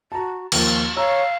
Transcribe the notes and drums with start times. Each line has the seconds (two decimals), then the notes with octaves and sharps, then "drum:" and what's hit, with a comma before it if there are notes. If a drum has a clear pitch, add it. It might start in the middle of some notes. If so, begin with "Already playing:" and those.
0.12 F#4 A5 A#5
0.52 D#2 F3 A#3 F4, drum: cymbal
0.97 C#5 F5 A#5 E6